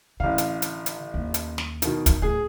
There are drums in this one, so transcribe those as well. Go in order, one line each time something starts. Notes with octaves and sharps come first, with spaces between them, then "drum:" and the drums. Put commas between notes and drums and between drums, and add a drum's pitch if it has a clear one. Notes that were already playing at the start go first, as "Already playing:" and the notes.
A1 D3 F5
drum: hi-hat
drum: hi-hat
drum: hi-hat
D#2
drum: hi-hat
drum: snare
B2 D#3, drum: hi-hat
drum: kick, hi-hat
D1 G#4